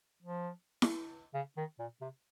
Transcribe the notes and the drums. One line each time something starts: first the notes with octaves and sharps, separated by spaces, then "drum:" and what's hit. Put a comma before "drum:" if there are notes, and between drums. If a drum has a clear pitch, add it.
F3
drum: snare E4
C#3
D#3
A#2
C3